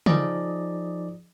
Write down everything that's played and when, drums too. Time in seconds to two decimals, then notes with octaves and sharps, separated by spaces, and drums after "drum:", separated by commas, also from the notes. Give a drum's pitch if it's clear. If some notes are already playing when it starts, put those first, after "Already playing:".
0.06 F3 D#4 G#4 D5 D#5, drum: tom